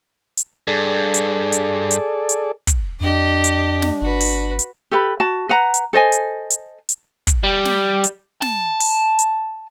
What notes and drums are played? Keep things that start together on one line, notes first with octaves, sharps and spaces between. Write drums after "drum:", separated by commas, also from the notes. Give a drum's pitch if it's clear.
drum: hi-hat
G2 G#4 A4 D5
drum: hi-hat
drum: hi-hat
drum: hi-hat
drum: hi-hat
drum: kick, hi-hat
F2 D4 G4 D#5
drum: hi-hat
drum: snare
G1 F#4 B4
drum: open hi-hat
drum: hi-hat
G4 A4 B4 B5
F#4 A5
B4 F#5 A#5
drum: hi-hat
A4 C5 D#5 G#5
drum: hi-hat
drum: hi-hat
drum: hi-hat
drum: kick, hi-hat
G3
drum: snare
drum: hi-hat
A5, drum: snare
drum: open hi-hat
drum: hi-hat